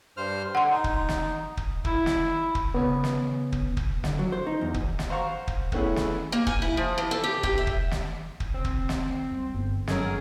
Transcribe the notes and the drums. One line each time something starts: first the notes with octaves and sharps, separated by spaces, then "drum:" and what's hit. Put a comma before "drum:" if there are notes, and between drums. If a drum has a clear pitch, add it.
G2 C5 F6
D3 F#5 C6
D#4
drum: kick
drum: snare
drum: kick
E4, drum: kick
drum: snare
drum: kick
C#3 B3 C#5
drum: snare
drum: kick
drum: kick
D3, drum: snare
F#3
C5
D#4
E2
drum: kick
drum: snare
C5 F5 F#5 A#5 C#6
drum: kick
A3 B3 C#4 E4 G#4, drum: kick
drum: snare
A#3
G#5, drum: kick
E4
F3
E3
A4
G4
G4, drum: kick
E5
drum: kick
drum: snare
drum: kick
C#2 C4
drum: kick
drum: snare
F#2 G3
G1 F#2
F#3 C#4 G#4 A#4, drum: snare